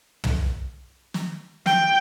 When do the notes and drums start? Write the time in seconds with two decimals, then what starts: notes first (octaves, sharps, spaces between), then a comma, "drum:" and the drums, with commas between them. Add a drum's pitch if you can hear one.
0.24 drum: tom
1.14 drum: snare
1.66 G5, drum: snare